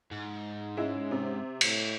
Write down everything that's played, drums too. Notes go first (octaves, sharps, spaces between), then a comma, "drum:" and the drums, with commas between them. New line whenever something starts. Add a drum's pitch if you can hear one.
G#2
G#3 C#4 E4
C3
A2, drum: cymbal